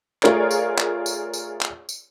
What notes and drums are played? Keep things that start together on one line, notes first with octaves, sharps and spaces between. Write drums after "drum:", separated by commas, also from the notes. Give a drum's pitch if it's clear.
A3 F4 G#4 A#4 C#5 D5, drum: clap
drum: tambourine
drum: clap
drum: tambourine
drum: tambourine
drum: clap
drum: tambourine